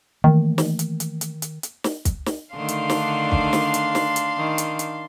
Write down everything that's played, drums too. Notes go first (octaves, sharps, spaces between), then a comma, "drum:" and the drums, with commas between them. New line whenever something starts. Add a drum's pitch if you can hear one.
D#3 E3 A3 A#3
drum: snare
drum: hi-hat
drum: hi-hat
drum: hi-hat
drum: hi-hat
drum: hi-hat
drum: snare
drum: kick, hi-hat
drum: snare
D3 D#3 A3 D4 F5 C6
drum: hi-hat
drum: snare
drum: kick
drum: snare
drum: hi-hat
drum: snare
drum: hi-hat
D#3
drum: hi-hat
drum: hi-hat